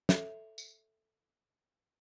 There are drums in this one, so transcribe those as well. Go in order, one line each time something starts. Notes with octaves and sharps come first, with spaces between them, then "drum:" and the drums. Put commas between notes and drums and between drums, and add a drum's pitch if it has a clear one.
A4 E5, drum: snare
drum: tambourine